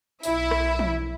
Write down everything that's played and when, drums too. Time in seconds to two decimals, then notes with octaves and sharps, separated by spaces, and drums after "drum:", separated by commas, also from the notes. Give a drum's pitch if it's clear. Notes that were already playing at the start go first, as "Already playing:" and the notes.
0.23 B1 E4 E5, drum: tambourine
0.51 drum: rim click
0.79 drum: tom